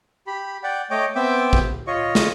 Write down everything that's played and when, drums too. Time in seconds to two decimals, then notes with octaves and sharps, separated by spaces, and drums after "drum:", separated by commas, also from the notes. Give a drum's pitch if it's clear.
0.27 G4 B5
0.63 D5 F#5 G5
0.91 A3 C#5 D#5 G5 D6
1.15 B3 C4 E5 G5 D6
1.53 drum: kick
1.87 F4 C#5 D#5 C#6
2.15 drum: snare